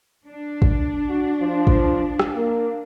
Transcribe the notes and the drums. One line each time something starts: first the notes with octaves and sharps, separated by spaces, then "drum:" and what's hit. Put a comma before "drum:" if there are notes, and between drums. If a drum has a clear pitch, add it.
D4
drum: kick
F#4
F3
drum: kick
drum: rim click
A#3